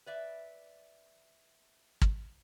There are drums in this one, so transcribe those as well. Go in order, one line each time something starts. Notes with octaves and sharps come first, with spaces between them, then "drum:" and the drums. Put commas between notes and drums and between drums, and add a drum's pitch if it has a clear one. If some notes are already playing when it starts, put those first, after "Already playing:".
B4 D5 E5
drum: kick